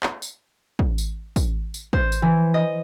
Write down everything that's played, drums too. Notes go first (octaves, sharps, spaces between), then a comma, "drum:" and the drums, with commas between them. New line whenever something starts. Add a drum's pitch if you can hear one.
drum: clap
drum: tambourine
drum: kick
drum: tambourine
drum: kick, tambourine
drum: tambourine
C5, drum: kick
drum: tambourine
E3
D#5